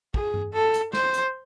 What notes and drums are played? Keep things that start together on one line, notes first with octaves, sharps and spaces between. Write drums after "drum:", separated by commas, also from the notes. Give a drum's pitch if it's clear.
G#4, drum: kick
drum: tom G2
A4
drum: hi-hat
C5, drum: snare
drum: hi-hat